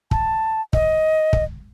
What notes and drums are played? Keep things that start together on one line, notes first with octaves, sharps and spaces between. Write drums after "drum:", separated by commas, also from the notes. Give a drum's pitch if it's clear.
A5, drum: kick
D#5, drum: kick
drum: kick